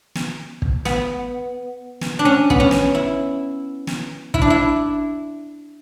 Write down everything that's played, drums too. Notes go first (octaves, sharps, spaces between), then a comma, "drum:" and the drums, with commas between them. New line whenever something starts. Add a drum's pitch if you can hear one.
drum: snare
drum: kick
B3, drum: snare
drum: snare
D4
C#4
B3, drum: kick
C#4
drum: snare
E4
drum: snare
E4, drum: kick
D4
E4